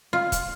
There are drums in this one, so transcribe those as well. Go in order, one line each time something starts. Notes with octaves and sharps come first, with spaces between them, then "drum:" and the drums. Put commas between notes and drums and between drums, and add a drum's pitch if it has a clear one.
F4
drum: kick, hi-hat